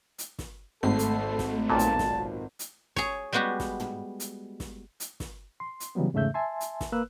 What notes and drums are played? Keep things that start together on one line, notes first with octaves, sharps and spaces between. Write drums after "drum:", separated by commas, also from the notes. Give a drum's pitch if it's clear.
drum: hi-hat
drum: snare
G#1 A3 A4 C7
drum: hi-hat
drum: snare
B1 A#2 A5
drum: hi-hat
drum: snare
drum: hi-hat
G#4 C#5, drum: snare
G3 G#3 B3 F#4 G4
drum: snare
drum: tom
drum: hi-hat
drum: snare
drum: hi-hat
drum: snare
C6
drum: hi-hat
C#3 E3 F#3 G3 B3
E2 G#2 C#3 A3 E5 G6
E5 G#5 A5 C6
drum: hi-hat
drum: snare
A#3 B4 E6 F#6